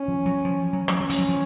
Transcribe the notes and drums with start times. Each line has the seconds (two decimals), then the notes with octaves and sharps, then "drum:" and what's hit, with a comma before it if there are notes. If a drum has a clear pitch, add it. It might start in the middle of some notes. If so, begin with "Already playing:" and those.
Already playing: C#4
0.08 F3
0.26 F#3
0.45 F3
0.73 F#3
0.88 F#3, drum: rim click
1.00 F#3 C#4
1.10 F3, drum: hi-hat
1.19 F#3
1.29 F3